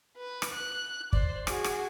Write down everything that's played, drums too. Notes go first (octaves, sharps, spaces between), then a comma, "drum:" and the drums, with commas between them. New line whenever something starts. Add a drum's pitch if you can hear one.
B4
drum: rim click
F#6
C5 D5, drum: kick
F#4 G#4, drum: rim click
drum: rim click